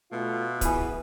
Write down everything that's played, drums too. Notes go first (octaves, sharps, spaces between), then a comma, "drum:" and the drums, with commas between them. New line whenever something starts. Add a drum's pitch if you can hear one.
B2 A3 F4
E3 B3 G#4 B4, drum: kick, hi-hat